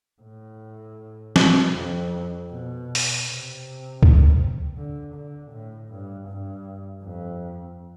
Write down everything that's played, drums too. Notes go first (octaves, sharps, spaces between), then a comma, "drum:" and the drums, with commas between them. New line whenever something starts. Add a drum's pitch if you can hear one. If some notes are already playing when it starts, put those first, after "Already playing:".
A2
drum: snare
F2
B2
drum: open hi-hat
C3
drum: kick
D3
D3
A2
G2
G2
F2